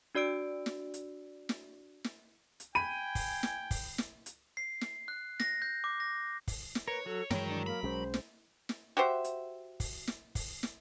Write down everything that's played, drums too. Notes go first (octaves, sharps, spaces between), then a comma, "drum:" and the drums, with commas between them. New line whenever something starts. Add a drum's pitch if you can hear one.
D4 F#4 D5 E6 D7
drum: snare
drum: hi-hat
drum: snare
drum: snare
drum: hi-hat
G5 G#5 B5 D#7
drum: kick, open hi-hat
drum: snare
drum: kick, open hi-hat
drum: snare
drum: hi-hat
C7
drum: snare
F#6
A#6, drum: snare
G6
D6
A#6
drum: kick, open hi-hat
drum: snare
A#4 B4 C#5
F#3 F#4 A4
G2 D#3 E3 F#3 G#3 A#4 C#5 G5, drum: snare
D4
A#3 B5
B1 G#3 C#4 C5
drum: snare
drum: snare
F#4 G4 C5 E5
drum: hi-hat
drum: kick, open hi-hat
drum: snare
drum: kick, open hi-hat
drum: snare